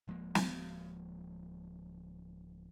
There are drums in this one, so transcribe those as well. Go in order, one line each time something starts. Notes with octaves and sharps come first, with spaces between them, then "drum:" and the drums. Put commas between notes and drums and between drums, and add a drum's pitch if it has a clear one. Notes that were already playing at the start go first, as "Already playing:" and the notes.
D1 F3 G#3 A#3
drum: snare